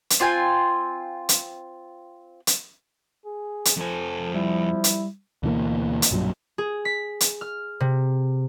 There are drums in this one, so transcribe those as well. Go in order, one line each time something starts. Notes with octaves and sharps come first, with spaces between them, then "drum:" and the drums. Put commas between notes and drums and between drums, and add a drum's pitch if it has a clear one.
drum: hi-hat
C4 F4 G5 G#5
drum: hi-hat
drum: hi-hat
G#4
drum: hi-hat
F2 F3 A4 G#5
G3 E4
drum: hi-hat
D2 B2 E3 A#3
drum: hi-hat
B1 G2 A#2 F#3
G#4
B6
drum: hi-hat
F6
C3